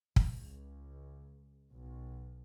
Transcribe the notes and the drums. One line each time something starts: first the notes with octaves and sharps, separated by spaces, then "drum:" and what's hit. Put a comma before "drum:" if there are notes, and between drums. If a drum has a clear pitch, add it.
C#2, drum: kick
B1